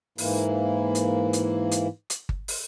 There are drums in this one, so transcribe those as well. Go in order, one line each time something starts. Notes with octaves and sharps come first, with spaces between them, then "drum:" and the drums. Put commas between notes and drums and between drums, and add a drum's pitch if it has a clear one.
G#2 E3 A#3 E4, drum: open hi-hat
drum: hi-hat
drum: hi-hat
drum: hi-hat
drum: hi-hat
drum: kick G1
drum: open hi-hat